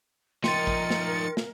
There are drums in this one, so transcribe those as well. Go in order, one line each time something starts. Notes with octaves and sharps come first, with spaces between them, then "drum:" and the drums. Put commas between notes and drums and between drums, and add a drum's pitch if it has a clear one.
F3 D#4 A#4 G5 C6 A6 C#7, drum: snare
drum: kick A1
drum: snare
drum: snare